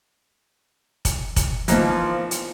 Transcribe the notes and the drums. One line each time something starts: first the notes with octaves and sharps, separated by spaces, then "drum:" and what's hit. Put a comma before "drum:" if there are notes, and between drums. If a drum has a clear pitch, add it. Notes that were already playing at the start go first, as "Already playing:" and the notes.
drum: kick F1, hi-hat
drum: kick F1, hi-hat
E3 F3 A#3 B3 D#4 F4, drum: hi-hat
drum: hi-hat